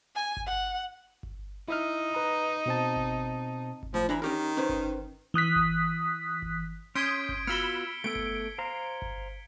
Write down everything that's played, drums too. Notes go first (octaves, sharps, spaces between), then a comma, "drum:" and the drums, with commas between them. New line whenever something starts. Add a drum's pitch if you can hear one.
G#5
drum: kick G1
F#5
drum: kick G1
D#4 E4 E5 F6
B4 A#5
B2 C4 A5
drum: kick G1
drum: kick G1
A2 F3
E3 D4 A#5 B5
D#3 C#4 G4 A#4
C#4 B4 C5
drum: kick G1
E3 D#6 F#6 B6
drum: kick G1
drum: kick G1
C#4 C6 D#6 G6 G#6 B6 D7
drum: kick G1
B3 F4 F#4 B5 E6 F6 C#7 G7
A3 B3 A4 D7
drum: kick G1
C5 F5 A#5
drum: kick G1